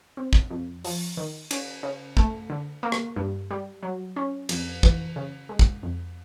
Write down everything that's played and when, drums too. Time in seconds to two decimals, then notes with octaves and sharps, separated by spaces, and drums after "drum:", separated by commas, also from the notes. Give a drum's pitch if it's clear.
0.17 C4
0.33 drum: kick
0.50 F2
0.85 F3, drum: open hi-hat
1.17 D#3
1.51 C#4, drum: cymbal
1.83 C#3
2.17 A3, drum: kick
2.50 D3
2.83 A#3
2.92 drum: rim click
3.16 G2
3.51 G3
3.83 F#3
4.16 C#4
4.49 F2, drum: cymbal
4.83 E3, drum: kick
5.16 C#3
5.49 G#3
5.59 drum: kick
5.83 F2